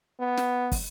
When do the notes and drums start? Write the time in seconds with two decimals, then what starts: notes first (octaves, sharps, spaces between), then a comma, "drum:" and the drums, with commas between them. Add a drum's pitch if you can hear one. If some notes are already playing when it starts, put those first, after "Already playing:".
0.20 B3
0.37 drum: snare
0.72 drum: kick, open hi-hat